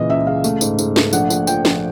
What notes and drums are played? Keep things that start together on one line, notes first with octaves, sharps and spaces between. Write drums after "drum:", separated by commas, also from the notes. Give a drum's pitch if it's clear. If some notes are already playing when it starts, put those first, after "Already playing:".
Already playing: A#2 C#3 E3 D#5
C#2 E5
C#3 F5
A3, drum: tambourine
G#2, drum: tambourine
G#2, drum: tambourine
A3, drum: snare
A#1 F#5, drum: tambourine
A#1, drum: tambourine
F3 G5, drum: tambourine
A#1, drum: snare